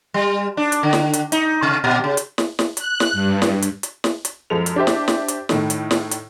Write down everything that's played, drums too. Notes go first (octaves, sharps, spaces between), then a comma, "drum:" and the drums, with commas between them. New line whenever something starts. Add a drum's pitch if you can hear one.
G3
D4
drum: hi-hat
D3
drum: snare
drum: hi-hat
D#4, drum: hi-hat
C3
A#2
C#3
drum: hi-hat
drum: snare
drum: snare
F#6, drum: hi-hat
drum: snare
G2
drum: snare
drum: hi-hat
drum: hi-hat
drum: snare
drum: hi-hat
F#2 F3 G#3 A4 F7
drum: hi-hat
D4 G4 C5 E5
drum: snare
drum: snare
drum: hi-hat
A2 D#3 A3, drum: snare
drum: hi-hat
drum: snare
drum: hi-hat